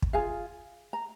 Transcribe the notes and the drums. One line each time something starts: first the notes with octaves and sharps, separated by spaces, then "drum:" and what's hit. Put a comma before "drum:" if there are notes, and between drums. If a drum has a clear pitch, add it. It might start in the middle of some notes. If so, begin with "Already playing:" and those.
drum: kick
F4 G#4 F5 G#5
A#5